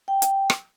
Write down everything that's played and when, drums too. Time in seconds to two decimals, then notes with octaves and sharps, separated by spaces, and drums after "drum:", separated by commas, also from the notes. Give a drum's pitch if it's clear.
0.08 G5
0.22 drum: hi-hat
0.50 drum: rim click